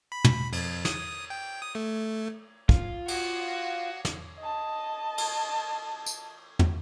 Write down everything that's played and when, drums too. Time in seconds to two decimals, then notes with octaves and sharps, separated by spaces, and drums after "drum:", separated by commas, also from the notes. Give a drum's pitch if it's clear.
0.12 B5
0.24 drum: tom
0.53 F2, drum: cymbal
0.85 D#6, drum: snare
1.30 G5
1.62 D#6
1.75 A3
2.69 F4, drum: kick
3.08 F#4, drum: cymbal
4.05 drum: snare
4.38 D#5 A5
5.18 drum: cymbal
6.06 drum: tambourine
6.59 drum: tom